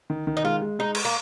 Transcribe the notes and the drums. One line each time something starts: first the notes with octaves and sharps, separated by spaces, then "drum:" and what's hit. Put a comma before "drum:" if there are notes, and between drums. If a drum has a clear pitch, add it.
D#3
D#3
D#4
G#3 F4
G#3
G#3 D#4
drum: cymbal
A#3